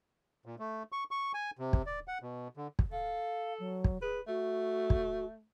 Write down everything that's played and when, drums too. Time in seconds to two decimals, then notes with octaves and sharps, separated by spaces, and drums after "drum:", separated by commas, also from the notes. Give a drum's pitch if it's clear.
0.46 A#2
0.59 A3
0.92 C#6
1.11 C#6
1.34 G#5
1.59 C3
1.73 drum: kick
1.86 D5
2.08 F#5
2.22 B2
2.57 D3
2.79 drum: kick
2.92 A4 F5
3.60 F#3
3.84 drum: kick
4.02 G#4 B4
4.28 A3 F#4
4.90 drum: kick